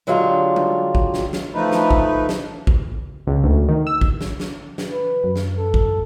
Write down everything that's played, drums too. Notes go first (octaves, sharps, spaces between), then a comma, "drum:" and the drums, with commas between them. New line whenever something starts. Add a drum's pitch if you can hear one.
D3 F#3 G#3 D4 F4 G4
drum: tom G3
drum: kick
drum: snare
drum: snare
F3 A3 D#4 B4
drum: snare
drum: kick
drum: snare
drum: kick
C#2
D2
D#3
E6
drum: kick
drum: snare
drum: snare
drum: snare
B4
F#2
drum: snare
A4
drum: kick